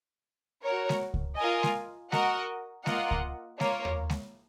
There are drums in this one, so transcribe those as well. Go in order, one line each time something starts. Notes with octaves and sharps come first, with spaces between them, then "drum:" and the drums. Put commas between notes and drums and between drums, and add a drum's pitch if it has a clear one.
F#4 A#4 C#5
drum: snare G#3
drum: kick C#2
F4 A#4 D#5 G#5
drum: snare G#3
F#4 A#4 D#5 F#5, drum: snare G#3
A#3 F4 A#4 D#5 F#5, drum: snare G#3
drum: kick C#2
A#3 F4 A#4 C#5, drum: snare G#3
drum: tom D#2
drum: snare G#3